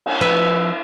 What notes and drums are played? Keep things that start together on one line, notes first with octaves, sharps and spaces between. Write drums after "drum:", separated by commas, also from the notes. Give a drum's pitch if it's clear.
drum: cymbal
F3 B4 E5